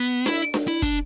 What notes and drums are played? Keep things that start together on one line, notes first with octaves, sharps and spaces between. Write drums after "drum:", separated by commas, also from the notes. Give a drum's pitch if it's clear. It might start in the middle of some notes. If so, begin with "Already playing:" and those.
Already playing: B3
E4, drum: snare D4
drum: snare D4
E4
D4, drum: kick, hi-hat